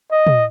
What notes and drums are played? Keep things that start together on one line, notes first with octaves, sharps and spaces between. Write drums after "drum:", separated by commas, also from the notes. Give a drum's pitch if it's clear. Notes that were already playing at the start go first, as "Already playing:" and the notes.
D#5
drum: tom